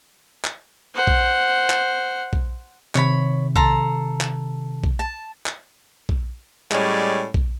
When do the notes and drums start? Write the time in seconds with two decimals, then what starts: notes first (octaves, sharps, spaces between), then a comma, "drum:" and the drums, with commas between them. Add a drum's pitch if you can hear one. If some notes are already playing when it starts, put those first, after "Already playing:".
0.45 drum: clap
0.95 C5 F#5
1.07 drum: kick A#1
1.70 drum: clap
2.33 drum: kick A#1
2.95 C3 D#3 C#5 B5, drum: clap
3.56 A4 A#5 C6, drum: kick A#1
4.21 drum: clap
4.84 drum: kick A#1
4.99 A5
5.46 drum: clap
6.09 drum: kick A#1
6.72 A2 G3 G#3 C#4 D5, drum: clap
7.34 drum: kick A#1